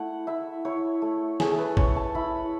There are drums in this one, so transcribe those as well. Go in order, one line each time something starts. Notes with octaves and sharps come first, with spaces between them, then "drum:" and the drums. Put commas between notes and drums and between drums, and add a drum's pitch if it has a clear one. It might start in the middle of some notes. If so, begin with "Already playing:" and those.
Already playing: A3 E4 F#5
E4 E5
E4 C#5
A3
A3 G#4, drum: snare
A4
B4
C#4 C#5, drum: kick
A5
E4 B5